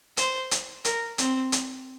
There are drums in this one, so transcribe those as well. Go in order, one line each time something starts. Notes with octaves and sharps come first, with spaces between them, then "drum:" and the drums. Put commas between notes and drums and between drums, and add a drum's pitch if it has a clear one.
C5, drum: hi-hat
drum: hi-hat
A#4, drum: hi-hat
C4, drum: hi-hat
drum: hi-hat